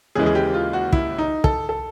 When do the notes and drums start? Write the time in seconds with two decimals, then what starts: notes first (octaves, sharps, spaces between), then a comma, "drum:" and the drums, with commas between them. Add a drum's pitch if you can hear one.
0.15 D#2 C#3 E3 G#3 G#4
0.26 G#4
0.35 G4
0.54 F4
0.73 F#4
0.92 E4, drum: kick
1.18 D#4
1.44 A4, drum: kick
1.69 A4